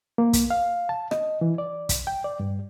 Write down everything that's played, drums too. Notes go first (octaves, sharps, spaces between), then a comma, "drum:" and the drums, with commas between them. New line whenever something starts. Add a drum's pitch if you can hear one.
A#3
drum: kick, hi-hat
F5
A5
D#5, drum: rim click
E3
D5
drum: kick, hi-hat
G5
D5
G2